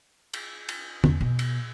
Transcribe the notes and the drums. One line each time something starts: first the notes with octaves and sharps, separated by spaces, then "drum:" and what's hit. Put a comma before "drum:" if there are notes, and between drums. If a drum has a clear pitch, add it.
drum: cymbal
drum: cymbal
E2, drum: tom
B2
drum: cymbal